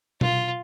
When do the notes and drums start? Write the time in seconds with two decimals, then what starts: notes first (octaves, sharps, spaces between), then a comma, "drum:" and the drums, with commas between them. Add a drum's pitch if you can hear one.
0.21 F4, drum: tom B2